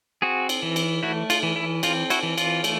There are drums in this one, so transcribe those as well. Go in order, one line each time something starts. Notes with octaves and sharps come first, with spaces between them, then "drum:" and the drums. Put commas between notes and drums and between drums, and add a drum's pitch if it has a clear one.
C4 F#4 G#4
drum: cymbal
E3
drum: cymbal
A3 E4 F#4
F4, drum: cymbal
E3
E4
C4 F4, drum: cymbal
E4 F#4, drum: cymbal
E3
F4, drum: cymbal
A3, drum: cymbal